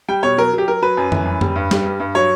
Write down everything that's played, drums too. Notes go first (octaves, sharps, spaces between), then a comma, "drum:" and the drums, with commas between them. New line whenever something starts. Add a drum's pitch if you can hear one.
G3 G5
B2 C#5
F#3 A#4
F#3 G4
F#3 A#4
F#3 B4
F#2
E3, drum: tom F2
F#2
G3, drum: tom F2
G2
G3, drum: snare G3
G2
G2
F#3 C#5